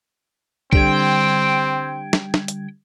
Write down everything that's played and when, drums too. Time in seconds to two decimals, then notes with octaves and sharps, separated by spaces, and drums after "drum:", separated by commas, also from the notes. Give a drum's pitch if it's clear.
0.73 D3 G3 C4 G5 G#6, drum: kick
2.13 drum: snare
2.34 drum: snare
2.48 drum: hi-hat